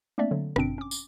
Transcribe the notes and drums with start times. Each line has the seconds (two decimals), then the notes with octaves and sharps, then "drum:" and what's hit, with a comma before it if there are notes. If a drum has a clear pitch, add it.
0.18 A3 A#3 C4 D4 D5 E5
0.31 D3 F#3
0.56 G1 F#2 B2 C4 D4 D7, drum: rim click
0.78 C#4 D6
0.91 drum: tambourine